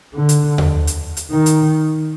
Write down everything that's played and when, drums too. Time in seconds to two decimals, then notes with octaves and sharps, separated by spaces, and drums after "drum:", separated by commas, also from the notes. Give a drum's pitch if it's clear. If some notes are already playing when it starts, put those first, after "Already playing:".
0.14 D3
0.29 drum: hi-hat
0.58 drum: tom D#2
0.87 drum: hi-hat
1.17 drum: hi-hat
1.32 D#3
1.46 drum: hi-hat